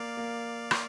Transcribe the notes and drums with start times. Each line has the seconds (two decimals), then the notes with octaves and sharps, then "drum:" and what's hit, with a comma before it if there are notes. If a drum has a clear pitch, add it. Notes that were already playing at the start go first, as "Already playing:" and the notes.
Already playing: A#3 D5 F5
0.17 A#3
0.71 drum: rim click